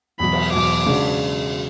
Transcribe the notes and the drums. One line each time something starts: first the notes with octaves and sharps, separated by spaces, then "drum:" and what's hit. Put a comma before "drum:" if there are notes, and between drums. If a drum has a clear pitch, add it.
E2 B2 F#3 B5
drum: cymbal
E2 B2 F#3 D6
C#3 G#3 D4 F#4